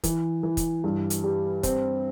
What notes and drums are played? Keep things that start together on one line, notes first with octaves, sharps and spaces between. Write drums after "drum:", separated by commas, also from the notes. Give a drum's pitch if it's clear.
E3, drum: kick, hi-hat
E3
drum: kick, hi-hat
G2
drum: hi-hat
G3
C4, drum: kick, hi-hat